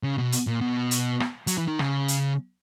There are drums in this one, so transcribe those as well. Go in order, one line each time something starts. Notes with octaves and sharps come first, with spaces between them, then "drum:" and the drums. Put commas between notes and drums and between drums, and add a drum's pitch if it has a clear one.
C#3
B2
drum: hi-hat
A#2
B2
drum: hi-hat
drum: rim click
F#3, drum: hi-hat
E3
D#3
C#3, drum: rim click
drum: hi-hat